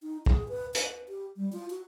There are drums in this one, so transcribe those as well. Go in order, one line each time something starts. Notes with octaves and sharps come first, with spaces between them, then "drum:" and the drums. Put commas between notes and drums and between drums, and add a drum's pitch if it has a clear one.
D#4
G#4, drum: kick
B4
B4, drum: hi-hat
G4
G3
F4
F#4